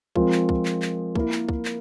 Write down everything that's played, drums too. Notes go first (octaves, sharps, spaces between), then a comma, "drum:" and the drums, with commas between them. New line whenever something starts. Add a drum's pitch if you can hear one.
F3 G#3 C4 F4 A#4, drum: kick
drum: clap
drum: kick
drum: clap
drum: clap
A#3 E4 A#4, drum: kick
drum: clap
drum: kick
drum: clap